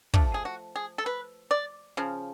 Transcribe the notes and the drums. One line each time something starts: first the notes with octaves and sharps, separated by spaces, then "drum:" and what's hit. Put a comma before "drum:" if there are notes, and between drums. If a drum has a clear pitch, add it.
F3 A3 D4, drum: kick
G#4
F#4
G#4
A4
B4
D5
C#3 F3